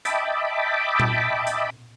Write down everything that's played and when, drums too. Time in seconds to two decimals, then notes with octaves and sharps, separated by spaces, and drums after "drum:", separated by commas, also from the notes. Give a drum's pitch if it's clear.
0.05 D#5 E5 G5 A5 B5 D6, drum: hi-hat
1.00 drum: tom A#2
1.47 drum: hi-hat